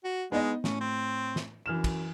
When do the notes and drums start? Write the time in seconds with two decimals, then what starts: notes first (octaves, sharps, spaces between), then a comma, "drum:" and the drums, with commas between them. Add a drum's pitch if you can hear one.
0.04 F#4
0.32 G#3 B3 D#4 D#5
0.64 A2 C#4, drum: snare
0.81 C4
1.36 drum: snare
1.66 F#2 E3 F6 E7
1.84 drum: kick, cymbal